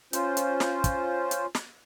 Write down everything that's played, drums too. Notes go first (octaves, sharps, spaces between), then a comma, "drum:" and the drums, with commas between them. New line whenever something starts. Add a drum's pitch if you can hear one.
C#4 F4 C5, drum: hi-hat
drum: hi-hat
drum: snare
drum: kick, hi-hat
drum: hi-hat
drum: snare